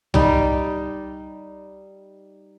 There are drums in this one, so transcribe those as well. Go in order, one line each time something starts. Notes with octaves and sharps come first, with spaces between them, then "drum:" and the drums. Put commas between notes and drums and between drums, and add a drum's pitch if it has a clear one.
G3 D#4, drum: tom C2